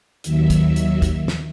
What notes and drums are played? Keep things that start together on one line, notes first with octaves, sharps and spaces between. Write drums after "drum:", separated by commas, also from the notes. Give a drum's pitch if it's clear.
D#2 D#3 F#3 E5, drum: hi-hat
drum: kick, hi-hat
E5
drum: hi-hat
drum: kick, hi-hat
drum: snare